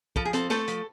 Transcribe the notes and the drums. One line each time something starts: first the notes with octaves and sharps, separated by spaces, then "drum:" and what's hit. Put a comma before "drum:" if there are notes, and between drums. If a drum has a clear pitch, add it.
F3 A4, drum: kick
G#4
C4 A4, drum: hi-hat
A3 A4, drum: snare
F3, drum: hi-hat